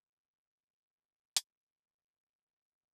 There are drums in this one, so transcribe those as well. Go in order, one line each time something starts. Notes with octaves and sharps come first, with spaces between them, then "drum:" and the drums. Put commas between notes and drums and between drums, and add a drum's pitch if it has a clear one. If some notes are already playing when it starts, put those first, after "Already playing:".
F1 E2 D3 A#3
C#3 B3 A4 D#5, drum: hi-hat